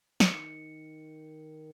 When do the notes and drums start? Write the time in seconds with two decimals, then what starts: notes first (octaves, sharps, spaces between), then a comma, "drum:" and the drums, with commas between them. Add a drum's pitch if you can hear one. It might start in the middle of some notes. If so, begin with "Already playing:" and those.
0.20 D#3 C#7, drum: snare